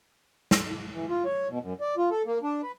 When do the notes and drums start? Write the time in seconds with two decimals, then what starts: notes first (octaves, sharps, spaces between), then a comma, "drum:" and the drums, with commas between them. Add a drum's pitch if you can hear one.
0.51 drum: snare
0.92 E3
1.09 F4
1.25 C#5
1.49 B2
1.61 F#2
1.81 D5
1.97 F4
2.11 A4
2.26 A#3
2.43 D4
2.63 B4